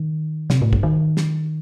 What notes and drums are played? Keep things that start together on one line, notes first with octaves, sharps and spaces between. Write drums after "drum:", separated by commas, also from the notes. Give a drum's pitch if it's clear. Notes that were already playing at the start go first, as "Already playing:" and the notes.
Already playing: D#3
C3, drum: snare
A2
G2, drum: kick
D#3
drum: snare